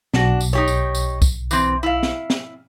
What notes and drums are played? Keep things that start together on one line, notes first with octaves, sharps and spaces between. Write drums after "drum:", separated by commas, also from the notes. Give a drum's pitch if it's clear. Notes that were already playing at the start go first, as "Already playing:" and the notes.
B1 D4 F#4, drum: snare
drum: tambourine
D#4 G4 C#5
drum: tambourine
drum: tambourine
drum: kick, tambourine
E3 C4, drum: tambourine
E4 F5
drum: snare
drum: snare